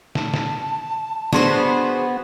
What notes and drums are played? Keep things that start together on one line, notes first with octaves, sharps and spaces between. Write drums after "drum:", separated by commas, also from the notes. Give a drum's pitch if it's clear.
A5, drum: snare
drum: snare
B3 D4 F#4 G#4 C5 C6, drum: snare